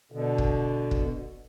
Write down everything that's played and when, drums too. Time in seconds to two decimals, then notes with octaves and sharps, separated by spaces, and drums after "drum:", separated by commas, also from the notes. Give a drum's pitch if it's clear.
0.12 B2 D3
0.38 drum: kick
0.91 drum: kick